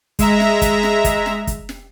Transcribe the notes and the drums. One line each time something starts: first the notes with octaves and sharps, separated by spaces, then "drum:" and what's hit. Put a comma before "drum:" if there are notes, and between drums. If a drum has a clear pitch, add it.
G#3 E5 A#5, drum: kick, hi-hat
drum: snare
drum: kick, hi-hat
drum: snare
drum: kick, hi-hat
drum: snare
drum: kick, hi-hat
drum: snare